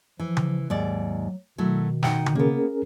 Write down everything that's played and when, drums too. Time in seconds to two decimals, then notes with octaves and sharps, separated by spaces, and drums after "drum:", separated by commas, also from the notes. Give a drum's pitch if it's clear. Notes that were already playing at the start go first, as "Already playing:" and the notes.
0.20 E3 F3
0.37 drum: tom C#3
0.70 D#2 G#2 F#3 D5
1.58 B2 D#3 F#3 A3 E4
2.03 D#4 F#5 G5, drum: snare
2.26 drum: tom C#3
2.35 A#3 B3 C#4 G#4 A#4